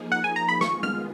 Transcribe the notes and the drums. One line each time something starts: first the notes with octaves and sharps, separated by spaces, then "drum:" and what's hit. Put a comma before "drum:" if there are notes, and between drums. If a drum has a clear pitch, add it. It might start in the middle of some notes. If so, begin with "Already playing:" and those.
Already playing: F3 A#3 D#4 G#4
F#5
G#5
A#5
B5
D#3 G#3 B3 F4 G#4 C#6, drum: snare
F6, drum: tom G3